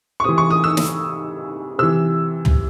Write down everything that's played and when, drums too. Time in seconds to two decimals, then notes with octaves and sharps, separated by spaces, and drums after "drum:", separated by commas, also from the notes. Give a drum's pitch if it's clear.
0.20 C#6
0.24 C3 E3 D#6
0.38 C#6
0.51 D#6
0.64 E6
0.77 drum: snare
1.78 C3 E3 E6
2.45 drum: tom